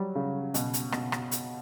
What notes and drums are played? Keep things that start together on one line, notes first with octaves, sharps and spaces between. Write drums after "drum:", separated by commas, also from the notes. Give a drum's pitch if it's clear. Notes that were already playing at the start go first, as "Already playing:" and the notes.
Already playing: F#3 G3
C#3
B2, drum: hi-hat
drum: hi-hat
B2, drum: rim click
drum: rim click
drum: hi-hat